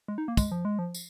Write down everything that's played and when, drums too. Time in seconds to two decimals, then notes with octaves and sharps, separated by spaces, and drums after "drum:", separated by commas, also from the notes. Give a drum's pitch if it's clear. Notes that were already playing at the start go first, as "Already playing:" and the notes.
0.08 G#3
0.18 D#4
0.28 A#3
0.37 G#3, drum: kick, tambourine
0.52 F3
0.65 G#3
0.79 F3
0.94 drum: tambourine